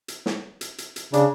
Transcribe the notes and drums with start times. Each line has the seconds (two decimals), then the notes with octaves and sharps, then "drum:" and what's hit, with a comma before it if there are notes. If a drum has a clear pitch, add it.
0.08 drum: hi-hat
0.26 drum: snare
0.61 drum: hi-hat
0.78 drum: hi-hat
0.96 drum: hi-hat
1.13 C#3 D4, drum: hi-hat